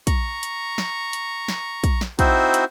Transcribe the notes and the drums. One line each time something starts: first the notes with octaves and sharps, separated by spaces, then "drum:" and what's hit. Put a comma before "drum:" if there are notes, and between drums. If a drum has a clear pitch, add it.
A#5 C#6, drum: kick, hi-hat
drum: hi-hat
drum: snare
drum: hi-hat
drum: snare
drum: kick, hi-hat
drum: snare
C4 D#4 E4 F#4 C5, drum: kick, hi-hat
drum: hi-hat